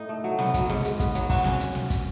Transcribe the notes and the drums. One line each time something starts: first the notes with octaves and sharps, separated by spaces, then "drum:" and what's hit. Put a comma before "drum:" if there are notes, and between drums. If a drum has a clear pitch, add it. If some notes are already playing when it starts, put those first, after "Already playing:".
Already playing: A2 D#4
A3
F#3
B3, drum: snare
F#3, drum: kick, hi-hat
G#2, drum: snare
G#2, drum: hi-hat
B3, drum: kick, hi-hat
F#3, drum: hi-hat
F#4, drum: kick, open hi-hat
C#4, drum: snare
drum: hi-hat
drum: snare
drum: kick, hi-hat